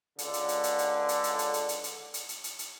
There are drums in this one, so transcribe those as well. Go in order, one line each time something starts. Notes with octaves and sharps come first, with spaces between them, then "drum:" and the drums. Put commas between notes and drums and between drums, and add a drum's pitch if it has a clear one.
C#2 D3, drum: hi-hat
drum: hi-hat
drum: hi-hat
drum: hi-hat
drum: hi-hat
drum: hi-hat
drum: hi-hat
drum: hi-hat
drum: hi-hat
drum: hi-hat
drum: hi-hat
drum: hi-hat
drum: hi-hat
drum: hi-hat
drum: hi-hat